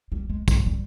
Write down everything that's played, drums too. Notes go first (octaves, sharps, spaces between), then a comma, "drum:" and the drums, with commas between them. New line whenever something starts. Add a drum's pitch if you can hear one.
G3
G#3
G3, drum: kick, tambourine
G3